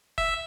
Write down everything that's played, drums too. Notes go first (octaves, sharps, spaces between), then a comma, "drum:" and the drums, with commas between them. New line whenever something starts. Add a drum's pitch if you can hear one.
E5, drum: kick F#1